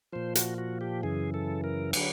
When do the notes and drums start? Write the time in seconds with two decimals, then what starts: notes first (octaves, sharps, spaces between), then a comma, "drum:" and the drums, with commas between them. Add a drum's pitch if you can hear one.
0.13 A#2 F3 C5
0.35 F#4, drum: hi-hat
0.58 F#4
0.81 G4
1.03 F#2 C#3 E3 G#4
1.34 A4
1.64 A#4
1.93 D3 F#3 B4, drum: cymbal